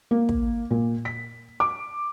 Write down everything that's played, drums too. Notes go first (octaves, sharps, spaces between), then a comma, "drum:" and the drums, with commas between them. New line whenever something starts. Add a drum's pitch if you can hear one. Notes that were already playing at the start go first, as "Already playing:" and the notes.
A#3
drum: kick
A#2
B6
D6